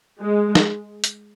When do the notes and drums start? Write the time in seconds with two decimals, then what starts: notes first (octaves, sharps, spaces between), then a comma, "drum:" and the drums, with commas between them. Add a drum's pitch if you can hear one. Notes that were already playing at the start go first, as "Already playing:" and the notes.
0.20 G#3
0.55 drum: snare
1.04 drum: hi-hat